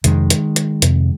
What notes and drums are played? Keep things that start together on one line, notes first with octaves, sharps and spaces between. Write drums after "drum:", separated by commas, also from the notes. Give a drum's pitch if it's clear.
F2 C3 D#3 G#3, drum: hi-hat
drum: hi-hat
drum: hi-hat
F2 C3, drum: hi-hat